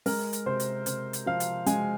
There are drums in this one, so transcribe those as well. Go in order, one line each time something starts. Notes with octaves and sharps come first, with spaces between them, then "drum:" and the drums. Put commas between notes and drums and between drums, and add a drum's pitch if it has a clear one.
G#3 A#4, drum: open hi-hat
drum: hi-hat
C3 C5
drum: hi-hat
C3, drum: hi-hat
drum: hi-hat
F3 F5
drum: hi-hat
G#3 G#5, drum: hi-hat